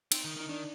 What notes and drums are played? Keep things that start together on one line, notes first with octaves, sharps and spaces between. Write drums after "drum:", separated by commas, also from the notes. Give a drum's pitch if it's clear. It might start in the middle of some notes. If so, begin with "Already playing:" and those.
C4 D#4, drum: cymbal
D#3
D#3
D#4
D#3 D4